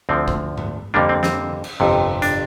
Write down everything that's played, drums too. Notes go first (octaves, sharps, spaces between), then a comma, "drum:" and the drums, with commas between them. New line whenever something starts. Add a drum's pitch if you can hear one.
D2 D3 F3 C4
drum: kick
drum: tom G#2
F2 D3 G3 A#3 D4
C4
C4, drum: snare
drum: cymbal
G1 F2 C3
D4, drum: hi-hat